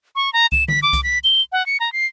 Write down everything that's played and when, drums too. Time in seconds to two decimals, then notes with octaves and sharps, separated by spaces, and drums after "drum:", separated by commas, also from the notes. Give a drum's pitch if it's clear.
0.16 C#6
0.33 A#5
0.52 E7, drum: kick C2
0.68 B6, drum: tom D3
0.83 D6
0.93 drum: kick C2, hi-hat
1.03 B6
1.24 G7
1.52 F#5
1.66 C#7
1.80 A#5
1.93 C7